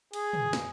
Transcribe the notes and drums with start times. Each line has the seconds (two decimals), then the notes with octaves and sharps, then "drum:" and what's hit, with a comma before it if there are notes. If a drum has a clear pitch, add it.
0.13 G#4, drum: cymbal
0.33 drum: tom
0.53 drum: snare